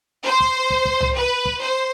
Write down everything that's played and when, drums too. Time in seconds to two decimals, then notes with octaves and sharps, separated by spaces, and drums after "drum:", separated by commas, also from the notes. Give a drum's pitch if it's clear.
0.25 C5
0.40 drum: kick
0.70 drum: kick
0.85 drum: kick
1.00 drum: tom C2
1.15 B4
1.45 drum: kick
1.61 C5